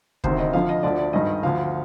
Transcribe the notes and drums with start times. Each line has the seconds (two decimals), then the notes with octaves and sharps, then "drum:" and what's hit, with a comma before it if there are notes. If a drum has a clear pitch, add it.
0.24 D2 C3 D#3 C5, drum: kick
0.38 D#5
0.53 F2 D3 F3 F5
0.69 D#5
0.83 D2 D3 F3 D5
0.99 D5
1.13 G#1 G2 D#3 D#5
1.43 D2 D3 F3 F5